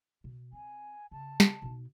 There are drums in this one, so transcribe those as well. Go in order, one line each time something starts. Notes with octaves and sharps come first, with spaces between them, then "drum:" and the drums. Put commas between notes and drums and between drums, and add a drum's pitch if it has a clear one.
B2
C4 G#5
C#3 A5
drum: snare
B2 D#4